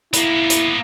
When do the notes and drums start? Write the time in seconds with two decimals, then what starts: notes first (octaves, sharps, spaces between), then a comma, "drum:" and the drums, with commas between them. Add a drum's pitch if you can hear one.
0.14 A#3 B3 E4, drum: hi-hat
0.50 drum: hi-hat